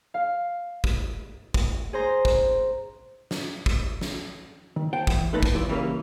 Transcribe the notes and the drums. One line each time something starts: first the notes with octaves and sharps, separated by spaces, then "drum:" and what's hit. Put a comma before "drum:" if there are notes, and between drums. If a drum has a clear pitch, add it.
F5
drum: kick
drum: kick
G#4 C5 A#5
drum: kick
drum: snare
drum: kick
drum: snare
D#3
C5 F#5 G5 A5
E3, drum: kick
D#2 A3 D#4 B4 A5 A#5
drum: kick
B1 F3 E4 D5
C#3 E3 G3 A3 A#3 C#4